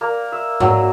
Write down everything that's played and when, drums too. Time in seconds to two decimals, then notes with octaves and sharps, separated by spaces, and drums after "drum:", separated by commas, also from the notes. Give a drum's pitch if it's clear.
0.01 A#3
0.32 E5
0.60 F#3, drum: tom G#2